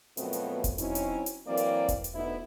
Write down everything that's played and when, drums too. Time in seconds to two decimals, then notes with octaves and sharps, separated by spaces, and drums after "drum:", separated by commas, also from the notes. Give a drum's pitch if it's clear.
0.17 F#2 B2 F3 A3 B3 C4, drum: hi-hat
0.33 drum: hi-hat
0.64 drum: kick E1, hi-hat
0.78 F#3 C4 C#4 D#4 E4, drum: hi-hat
0.95 drum: hi-hat
1.26 drum: hi-hat
1.47 E3 F#3 A#3 C4 A#4 D5
1.57 drum: hi-hat
1.89 drum: kick E1, hi-hat
2.04 drum: hi-hat
2.14 D2 B3 D#4 E4